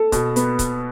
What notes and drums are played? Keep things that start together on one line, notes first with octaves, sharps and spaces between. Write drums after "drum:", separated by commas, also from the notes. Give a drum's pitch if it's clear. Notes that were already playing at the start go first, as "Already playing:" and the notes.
Already playing: A4
B2, drum: kick C#1, hi-hat
B3, drum: hi-hat
drum: kick C#1, hi-hat